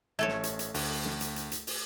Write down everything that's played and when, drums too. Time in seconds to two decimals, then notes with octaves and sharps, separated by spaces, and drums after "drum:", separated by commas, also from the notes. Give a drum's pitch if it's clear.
0.19 A1 A3 A4 C#5 G#6
0.28 drum: snare
0.43 drum: hi-hat
0.59 drum: hi-hat
0.74 D2, drum: open hi-hat
1.05 drum: snare
1.21 drum: hi-hat
1.36 drum: hi-hat
1.52 drum: hi-hat
1.67 drum: open hi-hat